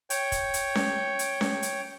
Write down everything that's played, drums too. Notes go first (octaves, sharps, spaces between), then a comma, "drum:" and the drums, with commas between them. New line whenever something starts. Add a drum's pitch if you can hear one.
C#5 G5, drum: hi-hat
drum: kick, hi-hat
drum: hi-hat
drum: snare C#4
drum: hi-hat
drum: snare C#4
drum: hi-hat